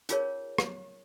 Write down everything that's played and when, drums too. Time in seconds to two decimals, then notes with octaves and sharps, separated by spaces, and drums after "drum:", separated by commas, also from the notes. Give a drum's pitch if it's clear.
0.09 C#4 D#4 F4 G#4 A#4 C#5, drum: hi-hat
0.58 drum: rim click